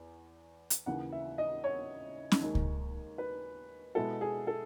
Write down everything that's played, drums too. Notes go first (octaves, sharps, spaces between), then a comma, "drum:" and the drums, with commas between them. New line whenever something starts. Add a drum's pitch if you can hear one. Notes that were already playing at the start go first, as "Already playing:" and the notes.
Already playing: E2
drum: hi-hat
D#2 C#3 E3 F#5
E5
D#5
C#5
drum: snare C#4
D#2 D#3 G#3 D#4
drum: kick C#2
B4
B2 G#3 B3 E4 A4
G#4
A4